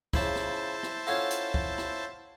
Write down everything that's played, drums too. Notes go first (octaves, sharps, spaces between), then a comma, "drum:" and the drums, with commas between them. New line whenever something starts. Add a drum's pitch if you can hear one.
C#3 F3 E4 C5 A5 B5, drum: kick
drum: rim click
drum: rim click
C#4 F4 A4 F5 F#5 G#6
drum: hi-hat
drum: kick
drum: rim click